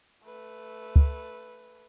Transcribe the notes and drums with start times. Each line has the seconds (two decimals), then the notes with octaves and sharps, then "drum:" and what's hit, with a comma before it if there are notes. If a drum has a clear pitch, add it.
0.25 A3 B4
0.96 drum: kick